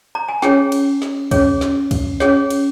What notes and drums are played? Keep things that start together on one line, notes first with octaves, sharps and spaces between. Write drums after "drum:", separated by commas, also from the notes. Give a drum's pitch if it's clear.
A#5
G#5
C#4 G#4 C#5 G5, drum: snare
drum: cymbal
drum: snare
C#4 G#4 C#5, drum: kick, cymbal
drum: snare
drum: kick, cymbal
C#4 G#4 C#5, drum: snare
drum: cymbal